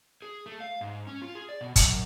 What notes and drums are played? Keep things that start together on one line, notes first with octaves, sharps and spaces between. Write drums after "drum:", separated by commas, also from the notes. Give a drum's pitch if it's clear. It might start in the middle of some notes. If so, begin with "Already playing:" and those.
G#4
A3
F5
G#2
C#4
F4
G#4
D5
B2
F#2, drum: kick, hi-hat